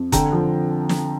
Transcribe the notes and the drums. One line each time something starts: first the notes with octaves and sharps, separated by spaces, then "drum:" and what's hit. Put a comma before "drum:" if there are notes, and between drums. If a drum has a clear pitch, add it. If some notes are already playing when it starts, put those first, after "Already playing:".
Already playing: F2
D3 G5 A#5, drum: kick F1, hi-hat
F3
drum: snare